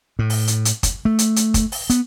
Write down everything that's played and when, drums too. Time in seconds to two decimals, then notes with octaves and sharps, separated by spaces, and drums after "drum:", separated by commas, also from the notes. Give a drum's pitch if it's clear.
0.19 A2
0.30 drum: open hi-hat
0.47 drum: hi-hat
0.65 drum: hi-hat
0.83 drum: kick, hi-hat
1.05 A3
1.19 drum: hi-hat
1.36 drum: hi-hat
1.54 drum: kick, hi-hat
1.72 drum: open hi-hat
1.90 B3, drum: hi-hat